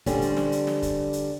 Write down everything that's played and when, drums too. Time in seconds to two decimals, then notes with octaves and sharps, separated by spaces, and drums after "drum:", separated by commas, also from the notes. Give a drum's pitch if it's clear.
0.06 D3 G3 C4 C#4, drum: kick, hi-hat
0.22 drum: hi-hat
0.37 drum: snare
0.52 drum: hi-hat
0.67 drum: snare
0.82 drum: kick, hi-hat
1.13 drum: hi-hat